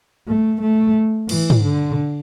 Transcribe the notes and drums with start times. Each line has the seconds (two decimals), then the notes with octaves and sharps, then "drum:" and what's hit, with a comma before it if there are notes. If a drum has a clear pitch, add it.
0.28 A3
0.62 A3
1.29 E3, drum: cymbal
1.50 drum: tom
1.63 D3